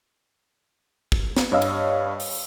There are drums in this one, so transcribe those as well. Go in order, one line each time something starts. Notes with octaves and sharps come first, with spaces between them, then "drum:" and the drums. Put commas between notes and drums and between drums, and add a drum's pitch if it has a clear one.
drum: kick
drum: snare
G2 G3 C#5 D#5 F5 E6
drum: cymbal
drum: open hi-hat